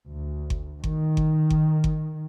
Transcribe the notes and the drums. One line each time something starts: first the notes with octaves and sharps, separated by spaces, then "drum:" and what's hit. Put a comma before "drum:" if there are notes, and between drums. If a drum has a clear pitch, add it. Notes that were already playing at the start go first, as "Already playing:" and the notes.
D2
drum: kick G1
D#3, drum: kick G1
drum: kick G1
drum: kick G1
drum: kick G1